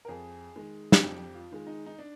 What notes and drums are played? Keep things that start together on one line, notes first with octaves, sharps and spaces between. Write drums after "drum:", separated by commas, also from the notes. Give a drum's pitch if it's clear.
A#4
F2 G#4
D#3 G#3
drum: snare
F2 G4
F4
D#3 G#3
D#4
D#4
D4